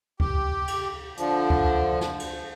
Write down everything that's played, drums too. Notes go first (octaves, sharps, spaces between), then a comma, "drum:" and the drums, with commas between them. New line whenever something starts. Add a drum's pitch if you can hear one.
G4, drum: kick C#2
drum: cymbal
D3 F3, drum: hi-hat
drum: kick C#2
drum: snare
drum: cymbal